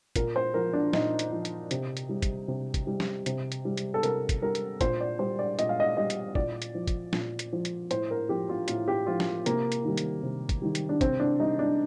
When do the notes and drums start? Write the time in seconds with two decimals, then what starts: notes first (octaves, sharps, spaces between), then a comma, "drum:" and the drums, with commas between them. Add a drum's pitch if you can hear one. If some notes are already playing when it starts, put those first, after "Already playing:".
0.16 A#2 A#4, drum: kick, hi-hat
0.36 C5
0.54 F3 A#4
0.73 D4
0.93 A#2 D#4, drum: snare
1.19 drum: hi-hat
1.33 F3
1.45 drum: hi-hat
1.71 C3, drum: hi-hat
1.97 drum: hi-hat
2.09 G3
2.22 drum: kick, hi-hat
2.48 C3
2.74 drum: kick, hi-hat
2.87 G3
3.00 drum: snare
3.26 C3, drum: hi-hat
3.52 drum: hi-hat
3.65 G3
3.77 drum: hi-hat
3.94 A4
4.03 C3 A#4, drum: hi-hat
4.29 drum: kick, hi-hat
4.42 G3 A#4
4.55 drum: hi-hat
4.81 A#2 C5, drum: kick, hi-hat
5.01 D5
5.19 G3 C5
5.39 D5
5.59 A#2 D#5, drum: hi-hat
5.69 F5
5.80 D#5
5.97 G3 D#5
6.10 drum: hi-hat
6.35 A#2 D5, drum: kick
6.62 drum: hi-hat
6.75 F3
6.88 drum: kick, hi-hat
7.13 A#2, drum: snare
7.39 drum: hi-hat
7.53 F3
7.65 drum: hi-hat
7.91 A2 C5, drum: hi-hat
8.11 A#4
8.29 F3 G4
8.49 F4
8.68 A2 F4, drum: hi-hat
8.88 G4
9.06 F3 F4
9.20 drum: snare
9.46 C3 A#3, drum: hi-hat
9.72 drum: hi-hat
9.85 D#3 G3
9.98 drum: hi-hat
10.23 C3
10.49 drum: kick, hi-hat
10.62 D#3 G3
10.75 drum: hi-hat
10.89 D4
11.01 C3 C4, drum: kick, hi-hat
11.20 D4
11.40 G3 D#4
11.59 D4